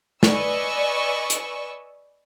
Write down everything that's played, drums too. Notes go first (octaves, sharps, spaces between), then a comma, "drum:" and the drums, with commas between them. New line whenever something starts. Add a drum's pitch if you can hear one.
B4 D5 D#5 G#5 C#6 E6, drum: snare
drum: hi-hat